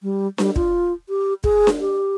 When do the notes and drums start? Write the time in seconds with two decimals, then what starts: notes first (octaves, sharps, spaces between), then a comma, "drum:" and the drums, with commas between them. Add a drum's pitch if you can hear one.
0.03 G3
0.38 G3, drum: snare D4
0.56 F4, drum: kick
1.09 G4
1.44 G#4, drum: kick
1.67 drum: snare D4
1.80 G4